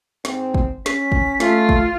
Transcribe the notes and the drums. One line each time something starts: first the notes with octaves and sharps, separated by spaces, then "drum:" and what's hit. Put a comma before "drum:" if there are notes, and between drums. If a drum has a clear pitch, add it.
G#2 C4, drum: snare
drum: kick
C#4 B6, drum: snare
drum: kick
A3 F4, drum: snare
drum: kick